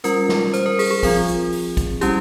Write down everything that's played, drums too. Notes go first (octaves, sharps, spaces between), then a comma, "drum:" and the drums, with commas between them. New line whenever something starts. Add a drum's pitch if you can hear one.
G3 C#4 F4 A#4, drum: hi-hat
drum: snare
C5, drum: hi-hat
A#4
G#4, drum: open hi-hat
G#4
F3 C4 F4, drum: kick, open hi-hat
drum: hi-hat
drum: open hi-hat
drum: kick, hi-hat
G3 C#4 E4 G4, drum: hi-hat